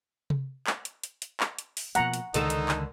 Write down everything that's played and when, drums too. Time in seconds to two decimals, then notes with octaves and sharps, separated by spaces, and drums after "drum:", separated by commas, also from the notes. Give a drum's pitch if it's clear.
0.30 drum: tom C3
0.67 drum: clap
0.85 drum: hi-hat
1.04 drum: hi-hat
1.22 drum: hi-hat
1.40 drum: clap
1.59 drum: hi-hat
1.77 drum: open hi-hat
1.95 B2 F3 A#3 F#5 A#5, drum: hi-hat
2.14 drum: hi-hat
2.34 C#2 D3 D#3 D#4 A4, drum: hi-hat
2.50 drum: hi-hat
2.69 drum: clap